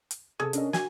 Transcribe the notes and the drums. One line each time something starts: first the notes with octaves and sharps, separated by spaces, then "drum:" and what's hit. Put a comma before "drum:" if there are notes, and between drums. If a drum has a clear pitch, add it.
drum: hi-hat
C3 G#4 A4
C#4 D4 A#4 D#5, drum: hi-hat
F#4 G#5, drum: snare